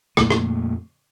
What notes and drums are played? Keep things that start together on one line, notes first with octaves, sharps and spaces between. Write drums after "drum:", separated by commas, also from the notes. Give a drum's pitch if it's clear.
F2 A#2 A3, drum: rim click
drum: rim click